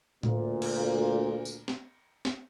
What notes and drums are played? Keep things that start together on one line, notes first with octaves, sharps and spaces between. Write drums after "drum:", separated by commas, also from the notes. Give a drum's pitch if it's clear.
D2 A#2, drum: tom A2
drum: cymbal
drum: tambourine
drum: snare
drum: snare